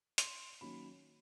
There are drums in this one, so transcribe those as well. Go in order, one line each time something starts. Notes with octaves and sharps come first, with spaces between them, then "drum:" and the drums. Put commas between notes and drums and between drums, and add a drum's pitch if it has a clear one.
C6, drum: hi-hat
D#3 F#3 A#3 C#4 B5